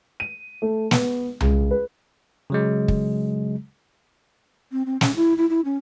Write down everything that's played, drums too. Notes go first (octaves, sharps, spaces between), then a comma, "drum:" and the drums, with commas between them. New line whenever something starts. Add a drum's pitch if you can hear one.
D#7
A3
B3, drum: snare
C#2, drum: tom C2
B4
C#3 F#3 G#3
drum: kick
C4
C4
C#4, drum: snare
E4
E4
E4
C#4